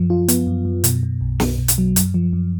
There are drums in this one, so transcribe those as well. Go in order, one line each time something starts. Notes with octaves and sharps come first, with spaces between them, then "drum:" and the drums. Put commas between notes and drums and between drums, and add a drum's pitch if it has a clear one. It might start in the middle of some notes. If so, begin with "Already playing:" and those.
Already playing: F#2 F3
F4
B3, drum: hi-hat
F#2
F#2
B2, drum: hi-hat
B2
B1
B1, drum: snare
B2
drum: hi-hat
F#3
F#2, drum: hi-hat
F3
F#2